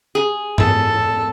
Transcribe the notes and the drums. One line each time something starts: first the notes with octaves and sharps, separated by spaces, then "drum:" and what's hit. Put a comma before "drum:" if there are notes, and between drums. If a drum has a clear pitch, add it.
G#4
A4, drum: tom G#2